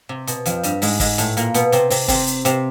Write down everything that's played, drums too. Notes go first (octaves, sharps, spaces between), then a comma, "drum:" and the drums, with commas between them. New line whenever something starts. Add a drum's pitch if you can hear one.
C3
B2, drum: hi-hat
F2 F3, drum: hi-hat
G2 G3, drum: hi-hat
G#2 G#3, drum: open hi-hat
G#2 G#3, drum: kick, open hi-hat
A2 A3, drum: hi-hat
A#2 A#3, drum: hi-hat
B2 B3, drum: hi-hat
C3 C4, drum: hi-hat
C3 C4, drum: open hi-hat
C3 C4, drum: kick, open hi-hat
drum: hi-hat
C3 C4, drum: hi-hat